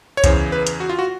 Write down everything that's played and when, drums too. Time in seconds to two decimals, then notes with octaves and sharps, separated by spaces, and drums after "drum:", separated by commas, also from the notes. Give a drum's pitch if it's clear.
0.17 C#5
0.24 E2 C#3 E3 C5, drum: kick, hi-hat
0.52 B4
0.67 drum: hi-hat
0.80 F#4
0.89 F4
0.99 F#4